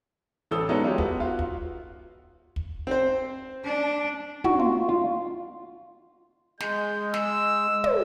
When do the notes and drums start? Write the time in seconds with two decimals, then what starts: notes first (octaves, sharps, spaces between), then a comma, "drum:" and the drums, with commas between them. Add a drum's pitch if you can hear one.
0.51 A1 E3 A4 D#6 E6 G7
0.69 F#3 G#3 B3 C#4 D#4 A4
0.84 G#3 F4 G4
0.98 B3, drum: kick
1.20 F4 F#4
1.39 drum: kick
2.56 drum: kick
2.87 C4 C5
3.64 D4
4.44 F#4, drum: tom
4.60 F4
4.89 F4
6.61 G#3 G6, drum: snare
7.14 E6, drum: snare
7.84 drum: tom